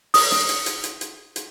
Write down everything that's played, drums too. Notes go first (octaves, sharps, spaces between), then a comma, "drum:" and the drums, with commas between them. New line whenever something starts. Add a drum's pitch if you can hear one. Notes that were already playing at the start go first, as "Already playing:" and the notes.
D#6, drum: open hi-hat
drum: snare
drum: hi-hat
drum: hi-hat
drum: hi-hat
drum: hi-hat
drum: hi-hat